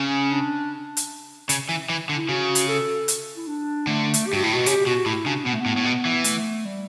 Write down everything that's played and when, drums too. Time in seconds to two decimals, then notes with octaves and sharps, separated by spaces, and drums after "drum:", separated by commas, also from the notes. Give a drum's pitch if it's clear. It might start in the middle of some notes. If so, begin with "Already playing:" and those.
Already playing: C#3 C#4
0.31 D4
0.97 drum: hi-hat
1.49 C#3, drum: hi-hat
1.69 E3
1.89 E3
2.09 D3
2.17 E4
2.29 C#3 F#4
2.55 drum: hi-hat
2.69 A4
3.08 drum: hi-hat
3.37 E4
3.47 D4
3.87 D3 A3
4.14 drum: hi-hat
4.27 G4
4.33 G2 F#4
4.44 A2 E4
4.54 B2 F#4
4.66 C#3 G4, drum: hi-hat
4.86 B2 F#4
5.06 A2 E4
5.26 C#3 D4
5.45 B2 B3
5.53 A3
5.60 B3
5.66 A2
5.77 A2
5.85 B2
6.05 E3
6.24 A3, drum: hi-hat
6.65 G3